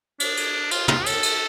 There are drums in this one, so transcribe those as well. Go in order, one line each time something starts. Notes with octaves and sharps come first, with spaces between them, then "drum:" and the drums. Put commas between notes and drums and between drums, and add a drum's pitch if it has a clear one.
D4, drum: cymbal
drum: cymbal
F4, drum: cymbal
F4, drum: tom
A4, drum: cymbal
drum: cymbal